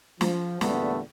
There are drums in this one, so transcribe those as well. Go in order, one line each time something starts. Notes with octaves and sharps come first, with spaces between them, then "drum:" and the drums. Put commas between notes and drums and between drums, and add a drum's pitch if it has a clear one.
F3, drum: snare
E2 A#2 D3 G3 A3 B3, drum: snare